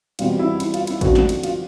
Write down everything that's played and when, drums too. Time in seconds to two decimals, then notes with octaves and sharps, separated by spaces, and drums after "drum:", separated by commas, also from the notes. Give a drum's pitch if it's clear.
0.19 E2 B2 G3 C4 F4, drum: cymbal
0.39 E4
0.60 E4, drum: cymbal
0.74 F4, drum: cymbal
0.87 E4, drum: cymbal
1.01 F#2 D3 F3 A3 C4 F#4, drum: kick, cymbal
1.15 drum: snare
1.29 drum: cymbal
1.43 F4, drum: cymbal